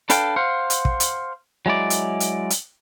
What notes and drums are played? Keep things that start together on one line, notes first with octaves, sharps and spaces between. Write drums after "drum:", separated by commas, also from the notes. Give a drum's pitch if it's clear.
D4 A4 B4 F5 G5, drum: hi-hat
C5 F5 F#5
drum: hi-hat
drum: kick
drum: hi-hat
F#3 G#3 E4 D5
drum: hi-hat
drum: hi-hat
drum: hi-hat